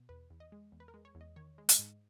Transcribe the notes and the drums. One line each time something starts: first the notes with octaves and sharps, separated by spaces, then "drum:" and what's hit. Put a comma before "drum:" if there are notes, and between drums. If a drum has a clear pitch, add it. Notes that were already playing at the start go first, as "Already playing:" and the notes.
Already playing: B2
E2 B4
E2
D#5
G#3
E2
B4
A#4
G#3
C#5
E2
D#5
D#3 C#5
G#3
D#5, drum: hi-hat
G#2